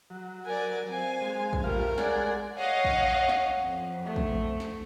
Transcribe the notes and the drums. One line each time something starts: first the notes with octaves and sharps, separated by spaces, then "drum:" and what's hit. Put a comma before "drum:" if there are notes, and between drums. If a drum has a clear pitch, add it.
F#3
A#4 D5 G#5
C4 F5 G#5
G#3
drum: kick A#1
G3 A3 F4 A#4 F5
G#3 G#4 D5 F#5, drum: snare
C#5 D#5 F5 F#5
drum: kick A#1
drum: snare
F2
A3
drum: kick A#1
drum: snare